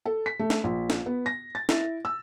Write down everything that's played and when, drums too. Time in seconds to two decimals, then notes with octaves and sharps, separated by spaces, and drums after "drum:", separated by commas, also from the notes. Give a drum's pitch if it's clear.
0.06 A4
0.26 B6
0.39 A3
0.50 drum: snare
0.64 A#1
0.90 drum: snare
1.06 B3
1.26 A#6
1.55 A6
1.69 E4, drum: snare
2.05 E6